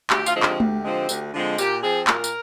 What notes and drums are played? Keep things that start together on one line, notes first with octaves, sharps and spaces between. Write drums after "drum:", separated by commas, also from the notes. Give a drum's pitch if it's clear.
D2 G4, drum: clap
F4, drum: tambourine
D3 F3 G#3 C4
G4, drum: clap
D2, drum: tom G#3
D3 F3 G#3 C4
D2, drum: tambourine
D3 F3 G#3 C4
A#2 G4, drum: tambourine
F3 C4 G#4
A#2 A#4, drum: clap
drum: tambourine